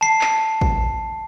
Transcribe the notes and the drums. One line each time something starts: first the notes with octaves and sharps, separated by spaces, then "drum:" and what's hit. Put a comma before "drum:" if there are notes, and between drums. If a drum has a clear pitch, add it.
A5 C7
drum: clap
drum: kick